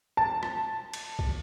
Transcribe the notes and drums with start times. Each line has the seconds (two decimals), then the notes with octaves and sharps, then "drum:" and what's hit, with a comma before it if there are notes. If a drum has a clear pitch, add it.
0.17 A5
0.43 drum: rim click
0.93 drum: cymbal
1.19 drum: kick B1